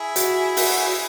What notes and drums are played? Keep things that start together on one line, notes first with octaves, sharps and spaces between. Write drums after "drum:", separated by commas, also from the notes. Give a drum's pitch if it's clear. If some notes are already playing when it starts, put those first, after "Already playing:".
Already playing: E4 G#4
F#4, drum: hi-hat
F#4, drum: open hi-hat